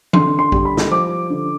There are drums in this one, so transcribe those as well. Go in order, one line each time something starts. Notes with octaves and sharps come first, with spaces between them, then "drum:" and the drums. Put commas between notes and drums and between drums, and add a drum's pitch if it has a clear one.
D3 C6, drum: tom E3
C6
G3, drum: kick A#1
B5
drum: snare
F3 D6
D3